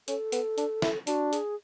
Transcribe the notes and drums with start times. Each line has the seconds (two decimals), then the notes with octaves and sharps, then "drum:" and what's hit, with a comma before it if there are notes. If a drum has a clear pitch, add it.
0.08 C#4 A4, drum: hi-hat
0.32 B3, drum: hi-hat
0.58 D4, drum: hi-hat
0.82 E4, drum: snare
1.07 D4 F#4, drum: hi-hat
1.33 G#4, drum: hi-hat